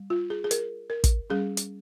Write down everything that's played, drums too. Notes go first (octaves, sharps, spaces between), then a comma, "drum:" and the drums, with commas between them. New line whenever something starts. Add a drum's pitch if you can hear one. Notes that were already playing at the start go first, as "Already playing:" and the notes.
Already playing: G3
F4
G#4
G#4
A#4, drum: hi-hat
A#4
drum: kick, hi-hat
G3 C#4 G#4
drum: hi-hat